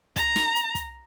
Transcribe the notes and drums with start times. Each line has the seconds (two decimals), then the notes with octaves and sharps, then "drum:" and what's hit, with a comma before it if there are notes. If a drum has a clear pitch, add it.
0.16 A#5, drum: kick, hi-hat
0.36 drum: snare
0.55 drum: hi-hat
0.75 drum: kick, hi-hat